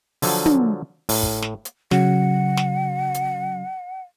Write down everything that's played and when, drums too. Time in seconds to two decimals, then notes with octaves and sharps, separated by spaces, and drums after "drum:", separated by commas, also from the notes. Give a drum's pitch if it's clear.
0.22 D3 F3 F#3 A4 G#5, drum: open hi-hat
0.46 drum: tom
1.09 A2, drum: open hi-hat
1.23 drum: kick
1.42 drum: snare
1.65 drum: hi-hat
1.91 C#3 F#3 F#5, drum: snare
2.57 drum: snare
3.14 drum: hi-hat